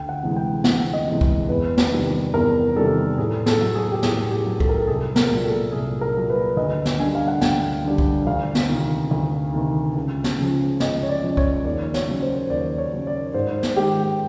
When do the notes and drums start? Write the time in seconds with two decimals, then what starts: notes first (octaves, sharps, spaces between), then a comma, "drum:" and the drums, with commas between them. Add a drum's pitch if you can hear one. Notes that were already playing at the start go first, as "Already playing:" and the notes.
Already playing: D2 G5
0.09 F#5
0.23 C3 E3 G#3
0.36 G5
0.64 D2 F#5, drum: snare
0.93 D#5
1.07 C3 E3 G#3
1.21 drum: kick C2
1.49 E2 B4
1.78 drum: snare
1.91 C3 D#3 G3
2.34 E2 A#4
2.76 C3 D#3 G3 A4
3.18 A2 G#4
3.46 A4, drum: snare
3.62 F#3
3.75 G#4
3.92 G4
4.03 A2 G#4, drum: snare
4.31 G4
4.46 F#3
4.60 A4, drum: kick C2
4.69 A#4
4.79 A4
4.87 C2 G#4
5.16 A#4, drum: snare
5.30 A#2 F#3
5.44 A4
5.72 C2 G#4
6.01 A#4
6.15 A#2 F#3
6.30 B4
6.57 D2 D#5
6.85 drum: snare
6.99 D3 G3 G#5
7.15 F5
7.28 F#5
7.41 D2 G5, drum: snare
7.85 D3 G3
7.98 drum: kick C2
8.27 D2 F5
8.55 drum: snare
8.69 C3 D#3
9.11 D2
9.54 C3 D#3
9.96 C#2
10.24 drum: snare
10.38 C#3 F3
10.80 C#2 D#5, drum: snare
11.03 C#5
11.09 D5
11.23 C#3 F3
11.37 C#5, drum: kick C2
11.65 D#2 D5
11.94 C#5, drum: snare
12.07 C#3 F#3
12.22 C5
12.50 D#2 D5
12.78 C#5
12.93 C#3 F#3
13.07 D5
13.34 G#2 C5
13.63 drum: snare
13.76 D#3 G#3 G4